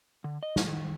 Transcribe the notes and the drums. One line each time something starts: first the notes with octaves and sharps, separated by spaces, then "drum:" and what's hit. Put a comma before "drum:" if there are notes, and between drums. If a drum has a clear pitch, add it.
D3
D#5
A2, drum: snare
D#3